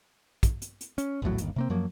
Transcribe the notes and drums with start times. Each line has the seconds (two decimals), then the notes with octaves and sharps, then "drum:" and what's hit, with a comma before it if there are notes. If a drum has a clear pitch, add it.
0.43 drum: kick, hi-hat
0.62 drum: hi-hat
0.81 drum: hi-hat
0.98 C#4, drum: hi-hat
1.22 A#1 E2 A2 F#3
1.38 G1 D#2, drum: hi-hat
1.56 C3 A#3 C4
1.70 F#2 F3 F#3 A#3